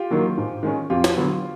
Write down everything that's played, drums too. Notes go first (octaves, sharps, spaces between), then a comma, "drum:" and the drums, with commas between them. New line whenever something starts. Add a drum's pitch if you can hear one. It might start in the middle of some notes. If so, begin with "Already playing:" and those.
Already playing: F4 G4
D#3 F#3 A#3
G#2
D#3 G#3 C#4
F2 F4 G4
drum: snare
D3 F#3 B3